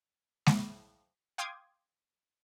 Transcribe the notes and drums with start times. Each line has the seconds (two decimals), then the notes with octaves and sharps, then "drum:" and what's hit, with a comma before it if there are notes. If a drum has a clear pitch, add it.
0.46 D6, drum: snare G#3
1.38 F5 G5 C6 D6 D#6 G#6